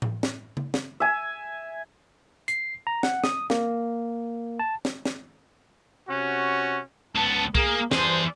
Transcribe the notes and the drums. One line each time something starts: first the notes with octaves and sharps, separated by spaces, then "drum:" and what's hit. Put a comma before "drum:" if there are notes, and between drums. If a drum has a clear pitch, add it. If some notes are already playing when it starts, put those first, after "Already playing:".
drum: tom A2
drum: snare
drum: tom C#3
drum: snare
E5 G#5
C7, drum: hi-hat
A#5
F#5, drum: snare
D#6, drum: snare
A#3, drum: snare
A5
drum: snare
drum: snare
C3 C#4 F#4
C#2 B3 A5
A#3 G#4 A#4, drum: kick C2
E2 G2 D4 G#4 C5, drum: snare